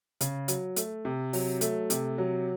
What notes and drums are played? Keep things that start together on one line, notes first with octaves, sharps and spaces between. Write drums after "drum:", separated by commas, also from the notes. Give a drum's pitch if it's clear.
C#3, drum: hi-hat
F#3, drum: hi-hat
A3, drum: hi-hat
C3
F#3, drum: open hi-hat
A3, drum: hi-hat
C3, drum: hi-hat
F#3